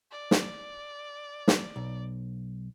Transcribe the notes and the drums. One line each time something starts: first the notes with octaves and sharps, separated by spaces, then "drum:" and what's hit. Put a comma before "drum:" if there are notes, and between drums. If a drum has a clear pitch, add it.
D5
drum: snare
drum: snare
B1